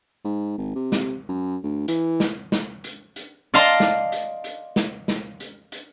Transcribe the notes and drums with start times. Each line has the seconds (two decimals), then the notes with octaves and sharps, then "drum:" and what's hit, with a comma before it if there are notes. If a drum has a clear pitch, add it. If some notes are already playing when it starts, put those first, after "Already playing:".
0.24 G#2
0.58 G#1
0.75 C3
0.92 drum: snare
1.29 F#2
1.63 D2
1.88 E3, drum: hi-hat
2.20 drum: snare
2.52 drum: snare
2.84 drum: hi-hat
3.16 drum: hi-hat
3.54 D5 D#5 F5 A5 A#5 C6
3.80 drum: snare
4.12 drum: hi-hat
4.44 drum: hi-hat
4.76 drum: snare
5.08 drum: snare
5.40 drum: hi-hat
5.72 drum: hi-hat